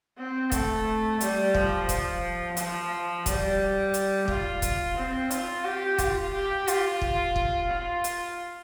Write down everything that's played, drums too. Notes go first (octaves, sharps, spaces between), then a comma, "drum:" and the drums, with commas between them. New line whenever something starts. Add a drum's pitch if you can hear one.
C4
A3, drum: kick, hi-hat
G3, drum: hi-hat
F3, drum: kick
F3, drum: kick, hi-hat
F3, drum: hi-hat
G3, drum: kick, hi-hat
drum: hi-hat
F4, drum: kick
drum: kick, hi-hat
C4
F4, drum: hi-hat
G4
F4, drum: kick, hi-hat
G4
F4, drum: hi-hat
drum: kick
drum: kick
F4
drum: hi-hat